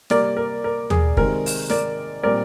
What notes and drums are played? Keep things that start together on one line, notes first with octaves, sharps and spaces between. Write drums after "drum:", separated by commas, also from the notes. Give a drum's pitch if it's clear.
C3 G3 A#3 A#4 D5, drum: snare
A#4
A#4
G#4, drum: tom D#2
C3 D#3 G#3 C4 A#4, drum: kick
drum: open hi-hat
A#4 D5, drum: snare
A#2 G3 C4 A#4 D5